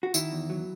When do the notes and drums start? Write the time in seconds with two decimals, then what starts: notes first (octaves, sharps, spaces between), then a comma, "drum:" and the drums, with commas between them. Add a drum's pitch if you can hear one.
0.03 F#4
0.14 D#3 E4, drum: tambourine
0.32 E2
0.50 F#3